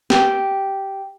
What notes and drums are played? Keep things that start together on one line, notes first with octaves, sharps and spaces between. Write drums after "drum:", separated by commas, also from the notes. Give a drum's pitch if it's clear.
G4, drum: snare